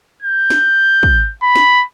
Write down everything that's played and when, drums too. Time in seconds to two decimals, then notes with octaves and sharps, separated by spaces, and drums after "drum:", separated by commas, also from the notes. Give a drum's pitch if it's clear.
0.22 G6
0.50 drum: snare
1.03 drum: kick
1.42 B5
1.56 drum: snare